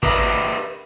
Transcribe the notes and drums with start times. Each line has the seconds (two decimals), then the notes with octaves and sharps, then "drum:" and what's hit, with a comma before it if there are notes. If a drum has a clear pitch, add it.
0.03 G4 A#4 B4 D#5 E5, drum: kick